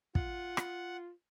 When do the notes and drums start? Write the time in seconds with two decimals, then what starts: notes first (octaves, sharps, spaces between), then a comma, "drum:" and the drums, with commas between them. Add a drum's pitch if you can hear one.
0.15 F4 F#5, drum: kick
0.57 drum: rim click